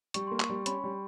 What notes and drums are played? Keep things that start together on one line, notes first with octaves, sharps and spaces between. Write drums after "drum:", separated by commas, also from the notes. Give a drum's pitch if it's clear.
G3 C#6, drum: hi-hat
C6
A#3
C#6, drum: clap
G3
C#4 B5, drum: hi-hat
G3